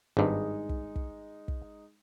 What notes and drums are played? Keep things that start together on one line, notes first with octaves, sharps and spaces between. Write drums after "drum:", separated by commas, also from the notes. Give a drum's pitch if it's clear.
G#1 G2 G#3 D#4
drum: kick
drum: kick
drum: kick